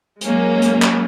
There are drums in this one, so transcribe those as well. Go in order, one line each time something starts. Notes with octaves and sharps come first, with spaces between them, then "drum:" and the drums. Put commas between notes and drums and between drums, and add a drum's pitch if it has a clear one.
F#3 G#3 A#3 C#4, drum: hi-hat
drum: hi-hat
drum: clap